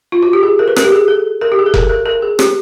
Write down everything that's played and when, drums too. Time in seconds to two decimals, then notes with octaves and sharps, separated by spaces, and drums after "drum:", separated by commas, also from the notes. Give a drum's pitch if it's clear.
0.12 F4
0.23 F#4
0.33 G4
0.43 G#4
0.59 A#4
0.68 B4
0.76 A#4, drum: rim click
0.85 G4
0.92 G#4
1.08 A4
1.41 A#4
1.52 G4
1.59 G#4
1.66 A4
1.74 A#4, drum: kick F1
1.89 A#4
2.06 A#4
2.22 G#4
2.39 G4, drum: rim click